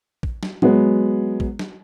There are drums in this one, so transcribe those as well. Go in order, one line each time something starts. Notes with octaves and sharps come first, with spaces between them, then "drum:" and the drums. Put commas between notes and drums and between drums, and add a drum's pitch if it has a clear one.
drum: kick
drum: snare
F#3 G#3 B3, drum: tom A2
drum: kick
drum: snare